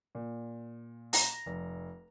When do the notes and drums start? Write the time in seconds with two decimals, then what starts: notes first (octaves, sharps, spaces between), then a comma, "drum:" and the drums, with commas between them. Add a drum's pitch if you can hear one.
0.15 A#2
1.13 A#5, drum: open hi-hat
1.46 F1